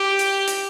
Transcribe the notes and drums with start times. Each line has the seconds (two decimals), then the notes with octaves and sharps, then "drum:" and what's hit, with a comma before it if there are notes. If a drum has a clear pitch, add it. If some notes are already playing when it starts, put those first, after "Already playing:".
Already playing: G4
0.19 drum: hi-hat
0.48 drum: hi-hat